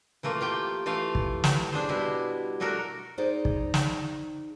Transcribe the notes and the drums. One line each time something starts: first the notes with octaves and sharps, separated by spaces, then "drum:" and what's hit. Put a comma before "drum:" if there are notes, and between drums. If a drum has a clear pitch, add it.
E3 A3 A#3 F4
F4 G4 G5
E3 A3 F4 F5
drum: kick
drum: snare
D4 G#4 C5
B2 G3 E4
A3 D4 F#4 A4 A#4
D#4 G#4 C5 D5
drum: kick
drum: snare